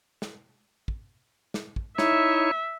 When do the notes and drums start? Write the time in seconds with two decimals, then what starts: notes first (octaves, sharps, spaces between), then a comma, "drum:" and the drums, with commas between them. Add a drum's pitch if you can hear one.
0.22 drum: snare
0.88 drum: kick
1.54 drum: snare
1.76 drum: kick
1.98 D#4 E4 C#5 E5, drum: snare